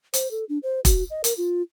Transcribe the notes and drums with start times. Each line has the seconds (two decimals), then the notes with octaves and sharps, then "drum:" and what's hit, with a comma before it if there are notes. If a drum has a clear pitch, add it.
0.14 C5, drum: hi-hat
0.31 A4
0.49 D4
0.63 C5
0.85 F#4, drum: kick E1, hi-hat
1.10 D#5
1.24 A#4, drum: hi-hat
1.38 F4